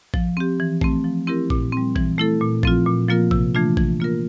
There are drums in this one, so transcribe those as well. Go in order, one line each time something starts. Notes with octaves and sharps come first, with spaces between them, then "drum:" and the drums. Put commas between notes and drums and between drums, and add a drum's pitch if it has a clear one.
F3, drum: kick A#1
C4 G4
E3
A3 C4, drum: kick A#1
F3
C4 E4 G4 A#4
A#2, drum: kick A#1
G3 C4
E3, drum: kick A#1
A3 E4 A4
A#2
F3 C4 F4, drum: kick A#1
A#2
F3 A#3 F4 A#4
C3, drum: kick A#1
E3 A3 D4 F4
E3, drum: kick A#1
A#3 F4 A#4